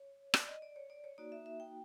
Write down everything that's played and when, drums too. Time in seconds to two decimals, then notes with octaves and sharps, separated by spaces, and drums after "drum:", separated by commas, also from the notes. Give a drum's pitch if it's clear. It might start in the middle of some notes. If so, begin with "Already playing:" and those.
Already playing: C#5
0.34 D5, drum: rim click
0.48 D#5
0.62 D5
0.76 C#5
0.90 D5
1.04 C#5
1.18 A#3 D#4 F#4 D5
1.32 E5
1.46 E5
1.60 G5